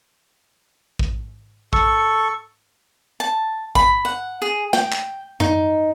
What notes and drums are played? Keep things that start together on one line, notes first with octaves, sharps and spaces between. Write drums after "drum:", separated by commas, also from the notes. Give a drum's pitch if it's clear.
drum: kick A1
A4 C#6, drum: kick A1
A5
B5, drum: kick A1
F#5
G#4
G5, drum: snare
drum: clap
D#4, drum: tom F#2